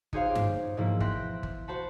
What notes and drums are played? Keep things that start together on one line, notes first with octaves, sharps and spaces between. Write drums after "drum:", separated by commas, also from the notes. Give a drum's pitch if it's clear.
D#4 F#4 G#4 C5 C#5 F5, drum: kick G1
F4 G4
drum: tom G2
G#2 B2 E3 F3 A#3 E4
E5 G5 C6 F#6 A#6 B6, drum: kick G1
drum: kick G1
F#4 C5 F#5 A5 B5